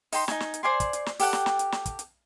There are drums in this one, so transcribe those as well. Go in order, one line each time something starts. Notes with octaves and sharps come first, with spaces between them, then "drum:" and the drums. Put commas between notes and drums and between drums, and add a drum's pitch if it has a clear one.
D#4 G5 C6, drum: open hi-hat
D#4 G#5, drum: snare
drum: snare
drum: hi-hat
C5 D5 G#5 C6
drum: kick, hi-hat
drum: hi-hat
drum: snare
G4 A4 F#5 G5, drum: open hi-hat
drum: snare
drum: snare
drum: hi-hat
drum: snare
drum: kick, hi-hat
drum: hi-hat